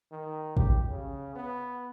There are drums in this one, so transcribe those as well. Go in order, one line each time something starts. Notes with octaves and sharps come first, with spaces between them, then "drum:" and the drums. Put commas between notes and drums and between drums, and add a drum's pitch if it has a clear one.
D#3
G4, drum: kick
C#3
B3